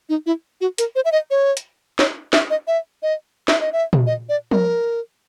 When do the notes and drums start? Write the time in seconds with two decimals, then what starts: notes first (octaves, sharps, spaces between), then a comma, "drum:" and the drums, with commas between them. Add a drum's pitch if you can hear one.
0.09 D#4
0.26 E4
0.61 F#4
0.78 A#4, drum: hi-hat
0.96 C5
1.05 E5
1.12 D#5
1.31 C#5
1.57 drum: hi-hat
1.99 C#5, drum: snare
2.33 E5, drum: snare
2.50 D#5
2.67 E5
3.03 D#5
3.48 E5, drum: snare
3.60 D#5
3.73 E5
3.93 drum: tom A#2
4.07 D#5
4.29 D5
4.51 A#4, drum: tom F3